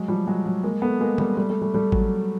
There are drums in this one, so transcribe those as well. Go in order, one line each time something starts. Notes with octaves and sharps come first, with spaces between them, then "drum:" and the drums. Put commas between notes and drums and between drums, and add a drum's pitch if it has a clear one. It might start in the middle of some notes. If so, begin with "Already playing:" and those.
Already playing: F#3 G#3
F3 G3
F#3 G#3
F#3
G#3 A#3
A3 B3
G#3 A#3
G3 A3, drum: tom
G3 A3
G3 A3
G3 A3
G3 A3
F#3, drum: kick G#1